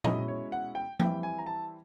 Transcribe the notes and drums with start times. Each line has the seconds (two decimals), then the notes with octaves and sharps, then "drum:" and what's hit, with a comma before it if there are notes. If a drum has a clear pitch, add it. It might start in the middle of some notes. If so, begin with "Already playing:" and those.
0.04 B2 G#3 C#4 E4 D#5, drum: tom
0.28 C#5
0.52 F#5
0.75 G5
0.99 E3 G3 C4 E4 G5, drum: tom F3
1.23 G#5
1.38 A#5
1.46 A5